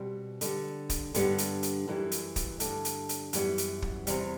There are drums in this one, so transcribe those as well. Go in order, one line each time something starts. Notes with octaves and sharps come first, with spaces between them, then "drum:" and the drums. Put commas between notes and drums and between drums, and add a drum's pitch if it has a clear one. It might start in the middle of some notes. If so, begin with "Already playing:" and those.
Already playing: B2 G3 C4
D3 G3 B3, drum: hi-hat
drum: kick, hi-hat
G2 D3 G3 B3, drum: hi-hat
drum: hi-hat
drum: hi-hat
F#2 E3 G3
drum: hi-hat
drum: kick, hi-hat
G2 D3 A3 D4, drum: hi-hat
drum: hi-hat
drum: hi-hat
F#2 E3 G3 B3, drum: hi-hat
drum: hi-hat
drum: kick
E2 C3 G3, drum: hi-hat